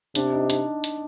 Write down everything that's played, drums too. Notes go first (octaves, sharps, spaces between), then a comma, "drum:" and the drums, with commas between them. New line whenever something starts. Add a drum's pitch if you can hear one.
C3 D4, drum: hi-hat
D#4
D4, drum: hi-hat
drum: hi-hat